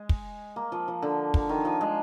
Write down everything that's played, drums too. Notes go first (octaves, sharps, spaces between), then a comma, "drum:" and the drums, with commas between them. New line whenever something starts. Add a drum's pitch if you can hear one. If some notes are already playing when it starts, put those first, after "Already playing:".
Already playing: G#3
drum: kick
A#3
F3
F3
D3
drum: kick
D#3
F3
G#3